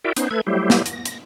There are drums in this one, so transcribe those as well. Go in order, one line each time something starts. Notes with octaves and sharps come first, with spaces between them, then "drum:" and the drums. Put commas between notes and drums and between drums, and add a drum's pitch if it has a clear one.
E4 F#4 A#4 D5 E5 G5
B3 C#4 D#4 C5, drum: hi-hat
A3 A4 B4 G#6
F#3 G3 A3 E4 G4 C5
drum: snare
A#6, drum: hi-hat
drum: hi-hat